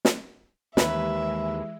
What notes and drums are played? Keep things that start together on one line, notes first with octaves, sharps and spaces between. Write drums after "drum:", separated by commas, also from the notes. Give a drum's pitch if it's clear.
drum: snare
D#2 E3 G#3 B4 E5, drum: snare